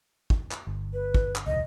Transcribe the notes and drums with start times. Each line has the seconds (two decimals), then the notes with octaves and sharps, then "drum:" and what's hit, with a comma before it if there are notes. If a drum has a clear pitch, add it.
0.30 drum: kick
0.51 drum: clap
0.67 G1
0.93 B4
1.14 drum: kick
1.36 drum: clap
1.46 E1 C#2 D#5